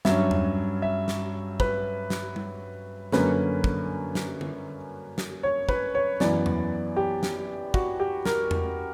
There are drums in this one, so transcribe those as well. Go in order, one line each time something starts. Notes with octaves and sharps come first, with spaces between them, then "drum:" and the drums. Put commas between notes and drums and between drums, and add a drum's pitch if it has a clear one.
G2 F#3 C#4 E5, drum: snare
drum: tom E2
E5
drum: snare
B4, drum: kick
drum: snare
drum: tom G3
F#2 D3 A#3 C#4 B4, drum: snare
drum: kick
drum: snare
drum: tom D3
drum: snare
C#5
B4, drum: kick
C#5
F#2 E3 B3 D5, drum: snare
drum: tom E2
G4
drum: snare
F#4, drum: kick
G4
A#4, drum: snare
drum: tom E2